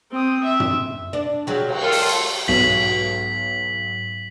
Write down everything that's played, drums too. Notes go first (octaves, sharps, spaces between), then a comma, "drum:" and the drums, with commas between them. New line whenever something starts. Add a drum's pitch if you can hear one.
C4 D#6
E5
drum: tom
D4
F#3 G#3 G4 F5
drum: cymbal
F4 A4 A#4 C6
drum: open hi-hat
drum: cymbal
B1 G#2 F#3 B6 F#7